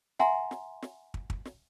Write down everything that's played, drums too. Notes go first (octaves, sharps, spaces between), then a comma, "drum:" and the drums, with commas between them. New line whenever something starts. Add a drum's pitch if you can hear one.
E5 F#5 G#5 A#5 C6, drum: snare
drum: snare
drum: snare
drum: kick
drum: kick
drum: snare